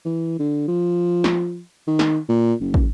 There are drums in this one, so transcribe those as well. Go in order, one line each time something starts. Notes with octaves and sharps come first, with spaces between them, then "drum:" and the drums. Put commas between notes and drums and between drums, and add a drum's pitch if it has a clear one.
E3
D3
F3
drum: snare
D#3
drum: snare
A#2
F#1
drum: kick